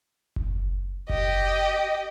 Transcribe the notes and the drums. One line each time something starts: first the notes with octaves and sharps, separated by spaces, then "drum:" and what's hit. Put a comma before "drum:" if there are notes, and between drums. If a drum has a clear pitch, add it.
drum: kick F#1
G4 D#5, drum: kick F#1